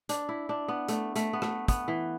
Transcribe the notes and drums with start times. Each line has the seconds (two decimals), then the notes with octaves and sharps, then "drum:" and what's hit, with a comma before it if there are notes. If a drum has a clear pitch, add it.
0.09 D4, drum: hi-hat
0.29 E4
0.49 D4
0.68 B3
0.89 A3, drum: hi-hat
1.16 A3, drum: hi-hat
1.33 B3
1.42 A3, drum: rim click
1.68 B3, drum: kick, hi-hat
1.88 E3